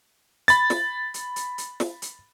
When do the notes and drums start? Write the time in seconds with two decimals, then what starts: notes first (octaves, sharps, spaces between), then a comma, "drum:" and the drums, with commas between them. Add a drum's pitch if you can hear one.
0.48 B5 A6, drum: hi-hat
0.70 drum: snare
1.14 drum: hi-hat
1.36 drum: hi-hat
1.58 drum: hi-hat
1.80 drum: snare
2.02 drum: hi-hat